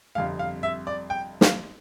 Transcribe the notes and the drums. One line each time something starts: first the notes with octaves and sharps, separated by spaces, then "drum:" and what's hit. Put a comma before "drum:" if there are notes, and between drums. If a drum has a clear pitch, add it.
G1 F2 C3 G3 F5
F5
E5
D5
G5
F5, drum: snare